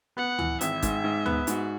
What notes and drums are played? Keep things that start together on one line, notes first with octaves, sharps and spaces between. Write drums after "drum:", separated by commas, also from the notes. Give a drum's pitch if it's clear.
B3 F#5
E3, drum: tom D2
G#1 E5, drum: hi-hat
G#2, drum: kick G#1, hi-hat
G#2
B3, drum: tom D2
G#2 F#4, drum: hi-hat